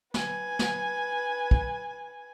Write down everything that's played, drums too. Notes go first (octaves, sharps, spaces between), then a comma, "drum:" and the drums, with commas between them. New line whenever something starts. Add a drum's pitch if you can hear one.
B4 G#5, drum: snare
drum: snare
drum: kick